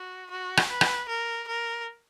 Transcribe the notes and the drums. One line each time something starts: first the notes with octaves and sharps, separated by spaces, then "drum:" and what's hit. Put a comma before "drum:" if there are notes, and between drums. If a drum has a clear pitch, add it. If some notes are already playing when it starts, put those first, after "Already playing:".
Already playing: F#4
F#4
drum: rim click
B4
drum: rim click
A#4
A#4